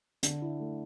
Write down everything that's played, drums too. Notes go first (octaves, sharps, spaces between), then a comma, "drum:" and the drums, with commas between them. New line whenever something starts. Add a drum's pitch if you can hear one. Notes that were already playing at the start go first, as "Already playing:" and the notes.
D3, drum: hi-hat
E4
A3